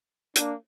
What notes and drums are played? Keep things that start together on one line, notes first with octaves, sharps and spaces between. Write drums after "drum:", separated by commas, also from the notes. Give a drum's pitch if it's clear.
A#3 D4, drum: hi-hat